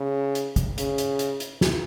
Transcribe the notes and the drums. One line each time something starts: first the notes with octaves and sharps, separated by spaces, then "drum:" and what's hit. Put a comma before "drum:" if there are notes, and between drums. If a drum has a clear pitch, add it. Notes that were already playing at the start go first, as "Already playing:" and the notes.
Already playing: C#3
drum: hi-hat
drum: kick, hi-hat
C#3, drum: hi-hat
drum: hi-hat
drum: hi-hat
drum: hi-hat
drum: snare